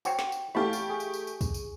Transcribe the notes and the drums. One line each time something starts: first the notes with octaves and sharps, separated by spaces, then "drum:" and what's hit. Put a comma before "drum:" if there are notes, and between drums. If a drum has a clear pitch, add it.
F#4 C5 C#5 G5, drum: tambourine
drum: snare
drum: tambourine
E2 A3 G4 F5 A5 B5 C#6
drum: tambourine
G#4
drum: tambourine
drum: tambourine
drum: tambourine
drum: kick, tambourine
drum: tambourine